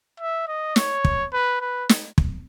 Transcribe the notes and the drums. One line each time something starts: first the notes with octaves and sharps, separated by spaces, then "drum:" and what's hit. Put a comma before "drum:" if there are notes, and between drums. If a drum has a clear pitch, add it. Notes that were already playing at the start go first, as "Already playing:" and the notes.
E5
D#5
C#5, drum: snare
drum: kick
B4
B4
drum: snare
drum: kick